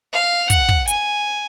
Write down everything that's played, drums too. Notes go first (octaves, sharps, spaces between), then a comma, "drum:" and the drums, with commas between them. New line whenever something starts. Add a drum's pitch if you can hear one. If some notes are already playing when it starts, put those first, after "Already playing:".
F5
F#5, drum: kick, hi-hat
drum: kick
G#5, drum: hi-hat